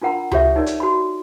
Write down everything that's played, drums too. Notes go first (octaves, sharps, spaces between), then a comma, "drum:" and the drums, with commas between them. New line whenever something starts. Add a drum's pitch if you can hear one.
D4 F4 A#4 F#5 A#5 B5
F4 G4 A4 C#5 E5, drum: tom C#2
D#4 A#4 C#5 D5
drum: hi-hat
F#4 B5